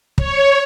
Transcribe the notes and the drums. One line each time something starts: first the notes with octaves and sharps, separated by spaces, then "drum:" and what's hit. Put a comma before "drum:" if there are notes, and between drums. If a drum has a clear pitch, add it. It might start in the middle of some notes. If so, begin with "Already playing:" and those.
C#5, drum: kick